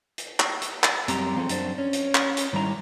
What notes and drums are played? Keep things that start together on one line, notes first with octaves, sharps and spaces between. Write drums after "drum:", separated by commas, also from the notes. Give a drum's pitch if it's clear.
drum: hi-hat
drum: clap
drum: hi-hat
drum: clap
F#2 G3 C4 G4 A#5, drum: hi-hat
F3 C4 G#4 A4
F#2 D4 C5, drum: hi-hat
C#4
drum: hi-hat
drum: clap
drum: hi-hat
G#2 D#3 G3 E4 A#5